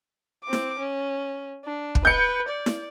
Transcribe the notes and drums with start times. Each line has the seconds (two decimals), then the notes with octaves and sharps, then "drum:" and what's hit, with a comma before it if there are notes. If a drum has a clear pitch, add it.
0.44 C4 D6
0.53 drum: snare E4
0.79 C#4
1.65 D4
1.95 drum: kick
2.05 B4 G6 C#7
2.48 D5
2.66 drum: snare E4